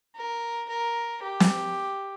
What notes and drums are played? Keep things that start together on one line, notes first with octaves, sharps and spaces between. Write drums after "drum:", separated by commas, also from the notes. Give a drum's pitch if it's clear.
A#4
A#4
G4
drum: snare